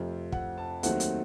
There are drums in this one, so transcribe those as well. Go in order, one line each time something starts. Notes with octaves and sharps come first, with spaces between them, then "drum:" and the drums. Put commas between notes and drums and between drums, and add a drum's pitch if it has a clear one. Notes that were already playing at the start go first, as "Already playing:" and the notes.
Already playing: F2 C3 F3 A3 C4
F#5, drum: kick
A5
D#2 D#3 F#3 A3 C4 F#5, drum: hi-hat
drum: hi-hat